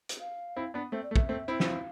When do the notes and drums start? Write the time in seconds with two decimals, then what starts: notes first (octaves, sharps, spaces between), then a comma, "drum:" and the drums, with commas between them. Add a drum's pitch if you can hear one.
0.09 drum: hi-hat
0.20 F5
0.56 C4 E4
0.74 B3 D4
0.92 A3 C4 E5
1.03 D5
1.11 A3
1.16 E5, drum: kick
1.29 A3 C4
1.48 C4 E4
1.60 E5, drum: snare
1.65 F5